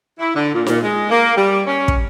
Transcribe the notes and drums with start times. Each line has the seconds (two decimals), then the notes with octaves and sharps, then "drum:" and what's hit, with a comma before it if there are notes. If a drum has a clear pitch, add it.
0.19 E4
0.35 D3
0.53 A#2
0.67 A#2, drum: snare D#4
0.82 G#3
1.10 A#3
1.37 G3
1.66 C#4
1.88 drum: kick